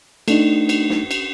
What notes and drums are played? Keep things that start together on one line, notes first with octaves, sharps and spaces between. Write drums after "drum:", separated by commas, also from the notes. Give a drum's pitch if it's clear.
A3 D4 D#4, drum: cymbal
drum: cymbal
drum: snare
drum: cymbal